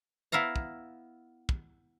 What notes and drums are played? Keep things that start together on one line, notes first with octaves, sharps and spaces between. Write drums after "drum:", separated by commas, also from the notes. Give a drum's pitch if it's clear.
B3 E4 E5 F5 A#5
drum: kick
drum: kick